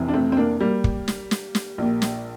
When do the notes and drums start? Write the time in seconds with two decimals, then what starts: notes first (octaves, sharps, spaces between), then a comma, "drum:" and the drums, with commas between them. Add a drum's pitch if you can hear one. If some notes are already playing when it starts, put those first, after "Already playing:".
Already playing: F1 F2 C3 E3
0.08 D4
0.14 A3 C4
0.32 C4
0.37 A#3 D4
0.61 G3 A#3
0.84 drum: kick
1.08 drum: snare
1.31 drum: snare
1.55 drum: snare
1.78 A#1 A#2
2.02 drum: snare